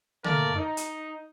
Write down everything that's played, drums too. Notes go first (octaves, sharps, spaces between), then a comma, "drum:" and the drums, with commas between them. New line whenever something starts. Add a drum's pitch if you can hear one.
A3 A#3 A4 A#4 D5, drum: tom
D#4
drum: hi-hat